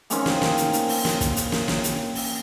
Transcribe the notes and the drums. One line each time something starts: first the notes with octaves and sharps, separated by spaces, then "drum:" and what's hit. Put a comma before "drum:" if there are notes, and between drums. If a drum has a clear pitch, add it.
A#3 C4 C#4 D#4, drum: hi-hat
drum: snare
drum: snare
drum: hi-hat
drum: hi-hat
drum: open hi-hat
drum: snare
drum: kick, hi-hat
drum: hi-hat
drum: snare
drum: snare
drum: hi-hat
drum: open hi-hat